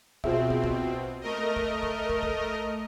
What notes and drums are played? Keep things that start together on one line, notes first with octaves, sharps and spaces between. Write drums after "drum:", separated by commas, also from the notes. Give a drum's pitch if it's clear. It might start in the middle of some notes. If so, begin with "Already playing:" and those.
B2 C4 F4 G#4 E5, drum: kick
drum: kick
drum: kick
A3 A#4 D#5
drum: kick
drum: kick
drum: kick
drum: kick